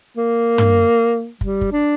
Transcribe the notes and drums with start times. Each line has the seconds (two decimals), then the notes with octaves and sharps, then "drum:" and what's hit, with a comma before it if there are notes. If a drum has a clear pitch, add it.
0.17 A#3
0.58 drum: tom
1.41 G3, drum: kick
1.61 drum: kick
1.72 D4